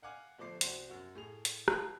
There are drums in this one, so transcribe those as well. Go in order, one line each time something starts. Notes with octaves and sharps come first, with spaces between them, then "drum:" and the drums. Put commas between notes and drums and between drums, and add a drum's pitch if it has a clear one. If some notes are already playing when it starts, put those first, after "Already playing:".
F5 F#5 G#5 D6 F6
G1 F3 A3 C5 D6 C7
C2 F#4 C5 C6, drum: hi-hat
F#2 F#4
A2 G#4 F7
drum: hi-hat
F5 G5 A5 D#6, drum: rim click